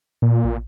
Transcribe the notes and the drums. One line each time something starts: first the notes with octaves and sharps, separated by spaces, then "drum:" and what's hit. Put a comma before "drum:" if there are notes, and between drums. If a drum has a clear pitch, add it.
A#2
drum: kick A1